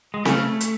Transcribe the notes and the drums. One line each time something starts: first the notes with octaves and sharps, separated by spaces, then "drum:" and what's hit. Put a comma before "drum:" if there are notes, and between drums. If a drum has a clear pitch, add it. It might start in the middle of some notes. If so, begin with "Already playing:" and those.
G#3
C#3 A3, drum: snare C4
drum: hi-hat